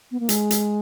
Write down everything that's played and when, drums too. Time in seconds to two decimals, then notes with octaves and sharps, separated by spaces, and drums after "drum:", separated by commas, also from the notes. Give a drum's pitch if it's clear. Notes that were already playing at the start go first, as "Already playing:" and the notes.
0.11 B3
0.20 A#3
0.29 G#3, drum: hi-hat
0.51 drum: hi-hat